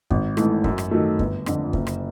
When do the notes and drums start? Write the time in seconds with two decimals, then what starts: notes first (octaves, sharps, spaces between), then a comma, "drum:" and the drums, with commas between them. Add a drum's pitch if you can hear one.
0.10 G#1, drum: kick
0.37 G#2 E3 A3, drum: rim click
0.64 F#2, drum: kick
0.78 drum: rim click
0.91 D#3 F#3 A3
1.19 G1, drum: kick
1.46 F2 D3 F3, drum: rim click
1.73 F#1, drum: kick
1.87 drum: rim click